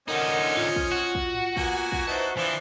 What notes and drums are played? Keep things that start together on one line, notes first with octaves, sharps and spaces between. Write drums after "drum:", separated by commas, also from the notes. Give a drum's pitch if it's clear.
D3 F3 C#4 D#4 A#4 D#5 F#5
F4, drum: tom G#2
drum: kick
F#4
drum: kick
drum: tom G#2
A#3 B3 G#5, drum: kick
drum: kick
D#4 E4 B4 C5 A5
E3 F3 D4 F4